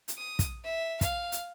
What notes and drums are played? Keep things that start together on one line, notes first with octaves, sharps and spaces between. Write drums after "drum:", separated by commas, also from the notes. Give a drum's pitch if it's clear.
drum: hi-hat
D#6
drum: kick, hi-hat
E5
F5, drum: kick, hi-hat
drum: hi-hat